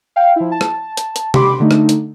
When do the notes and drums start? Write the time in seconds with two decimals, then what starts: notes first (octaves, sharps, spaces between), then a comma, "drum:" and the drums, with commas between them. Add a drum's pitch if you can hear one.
0.16 F5 G5
0.36 F3 E4
0.52 A5
0.61 drum: rim click
0.97 drum: hi-hat
1.16 drum: hi-hat
1.34 G4 B5 C6 D6, drum: tom C3
1.60 D3 A3 D#4
1.71 drum: rim click
1.89 drum: hi-hat